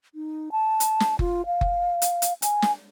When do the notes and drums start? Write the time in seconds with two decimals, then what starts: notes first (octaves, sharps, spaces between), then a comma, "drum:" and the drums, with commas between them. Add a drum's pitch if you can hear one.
0.15 D#4
0.52 A5
0.80 drum: hi-hat
1.00 drum: snare
1.19 F4, drum: kick F#1
1.46 F5
1.61 drum: kick F#1
2.02 drum: hi-hat
2.22 drum: hi-hat
2.42 G#5, drum: hi-hat
2.62 drum: snare